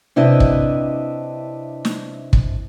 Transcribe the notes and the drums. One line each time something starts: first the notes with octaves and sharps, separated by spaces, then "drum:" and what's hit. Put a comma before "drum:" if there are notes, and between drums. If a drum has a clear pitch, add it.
C3 D4 E4 B4 D#5 E5
drum: kick
drum: snare
drum: kick